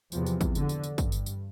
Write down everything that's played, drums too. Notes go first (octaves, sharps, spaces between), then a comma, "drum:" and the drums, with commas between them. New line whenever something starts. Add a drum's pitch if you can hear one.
E2 C3 F3, drum: tambourine
drum: tambourine
drum: kick, tambourine
D3, drum: tambourine
drum: tambourine
drum: tambourine
G2, drum: kick, tambourine
drum: tambourine
drum: tambourine